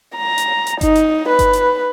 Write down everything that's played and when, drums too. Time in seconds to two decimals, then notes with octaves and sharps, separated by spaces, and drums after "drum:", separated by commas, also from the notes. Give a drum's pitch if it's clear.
0.17 A#5
0.38 drum: hi-hat
0.67 drum: hi-hat
0.81 D#4, drum: kick G1, hi-hat
0.95 drum: hi-hat
1.29 B4
1.39 drum: kick G1, hi-hat
1.53 drum: hi-hat